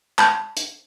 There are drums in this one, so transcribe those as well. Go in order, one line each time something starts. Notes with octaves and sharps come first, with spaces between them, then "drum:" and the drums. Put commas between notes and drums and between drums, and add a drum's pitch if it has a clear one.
A5 B5 G6, drum: clap
drum: hi-hat